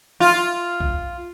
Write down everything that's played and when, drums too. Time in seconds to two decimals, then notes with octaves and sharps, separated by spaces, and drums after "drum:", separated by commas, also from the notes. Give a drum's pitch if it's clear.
0.20 F4
0.80 drum: kick B1